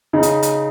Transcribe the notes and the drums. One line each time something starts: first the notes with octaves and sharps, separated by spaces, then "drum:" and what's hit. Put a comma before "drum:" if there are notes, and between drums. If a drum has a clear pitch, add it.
C#3 D#4
drum: hi-hat
drum: hi-hat